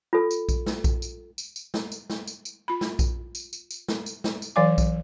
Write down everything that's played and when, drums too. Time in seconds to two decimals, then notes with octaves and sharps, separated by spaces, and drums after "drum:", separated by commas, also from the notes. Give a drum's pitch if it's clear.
0.13 F4 A4
0.31 drum: tambourine
0.49 drum: kick A#1, tambourine
0.66 drum: snare
0.84 drum: kick A#1, tambourine
1.02 drum: tambourine
1.38 drum: tambourine
1.56 drum: tambourine
1.74 drum: snare
1.92 drum: tambourine
2.10 drum: snare
2.27 drum: tambourine
2.45 drum: tambourine
2.68 F4 B5
2.81 drum: snare
2.99 drum: kick A#1, tambourine
3.35 drum: tambourine
3.53 drum: tambourine
3.71 drum: tambourine
3.88 drum: snare
4.06 drum: tambourine
4.24 drum: snare
4.42 drum: tambourine
4.56 E3 F#3 D5 F5 G#5 D6
4.78 drum: kick A#1, tambourine